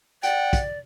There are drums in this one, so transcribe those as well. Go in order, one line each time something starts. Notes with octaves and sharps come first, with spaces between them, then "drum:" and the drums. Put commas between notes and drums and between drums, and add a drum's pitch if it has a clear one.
D5 F#5 G5, drum: hi-hat
drum: kick, hi-hat